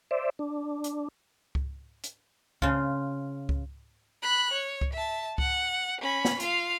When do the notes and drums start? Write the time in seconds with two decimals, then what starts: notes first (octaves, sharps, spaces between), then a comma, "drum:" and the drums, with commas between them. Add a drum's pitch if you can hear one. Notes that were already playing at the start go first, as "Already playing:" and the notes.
0.11 C5 D5 E5
0.39 D4
0.84 drum: hi-hat
1.55 drum: kick C#2
2.04 drum: hi-hat
2.62 C#3 F4, drum: kick C#2
3.49 drum: kick C#2
4.23 B5 F#6
4.53 C#5
4.81 drum: kick C#2
4.93 E5 A5
5.38 F#5, drum: kick C#2
6.01 C#4 B5
6.25 drum: snare
6.40 F4 F5, drum: hi-hat